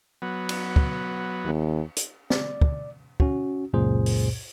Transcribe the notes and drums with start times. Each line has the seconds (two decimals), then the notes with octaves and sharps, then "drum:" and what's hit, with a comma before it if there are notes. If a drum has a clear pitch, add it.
0.22 F#3 B3
0.49 drum: cymbal
0.76 drum: kick
1.45 D#2
1.97 drum: hi-hat
2.30 D5, drum: snare
2.61 drum: kick
3.20 C#4 F#4, drum: kick
3.73 C#2 F#2 A#2 G#4 C5
4.06 drum: open hi-hat